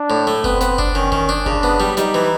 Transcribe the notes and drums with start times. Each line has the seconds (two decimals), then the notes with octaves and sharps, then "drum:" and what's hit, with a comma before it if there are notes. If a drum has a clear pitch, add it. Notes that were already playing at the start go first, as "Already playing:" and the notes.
Already playing: D4
0.10 A2
0.27 A3
0.44 B3 C4, drum: kick F#1
0.61 B3, drum: snare
0.78 D4, drum: kick F#1
0.95 D#3 C#4
1.12 D#3, drum: kick F#1
1.29 D4
1.46 C#3 D4, drum: kick F#1
1.63 B3
1.80 G3
1.97 G3 D#4, drum: snare
2.14 E3